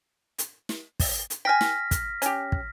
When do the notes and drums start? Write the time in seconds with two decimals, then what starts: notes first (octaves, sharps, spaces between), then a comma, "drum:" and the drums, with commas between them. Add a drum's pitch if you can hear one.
0.38 drum: hi-hat
0.69 drum: snare
1.00 drum: kick, open hi-hat
1.30 drum: hi-hat
1.45 G5 G#5 F6 A#6 B6
1.61 drum: snare
1.91 drum: kick, hi-hat
2.22 C#4 G4, drum: hi-hat
2.52 drum: kick